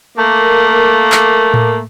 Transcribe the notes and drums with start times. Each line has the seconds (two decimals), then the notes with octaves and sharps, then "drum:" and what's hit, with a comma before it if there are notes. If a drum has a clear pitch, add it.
0.18 A3 A#3
1.12 drum: clap
1.54 drum: tom A2